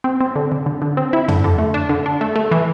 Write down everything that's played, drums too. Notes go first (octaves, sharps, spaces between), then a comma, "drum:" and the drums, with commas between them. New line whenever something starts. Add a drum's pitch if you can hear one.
C4
C4
D3
D3
D3
D3
C4
E4
D3, drum: tom
D3
A3
D4
D3
D4
A3
A3
E3